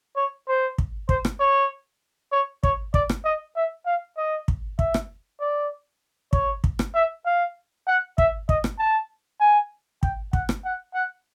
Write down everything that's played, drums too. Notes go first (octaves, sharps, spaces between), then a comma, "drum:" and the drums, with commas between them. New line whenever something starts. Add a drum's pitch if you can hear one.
C#5
C5
drum: kick
C5, drum: kick
drum: rim click
C#5
C#5
C#5, drum: kick
D5, drum: kick
drum: rim click
D#5
E5
F5
D#5
drum: kick
E5, drum: kick
drum: rim click
D5
C#5, drum: kick
drum: kick
drum: rim click
E5
F5
F#5
E5, drum: kick
D#5, drum: kick
drum: rim click
A5
G#5
G5, drum: kick
F#5, drum: kick
drum: rim click
F#5
F#5